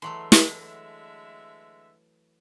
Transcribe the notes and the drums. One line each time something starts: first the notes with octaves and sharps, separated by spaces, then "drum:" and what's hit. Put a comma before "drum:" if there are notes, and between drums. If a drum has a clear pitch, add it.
D3 E3 F#3 G#3 A3 E5 C6
drum: snare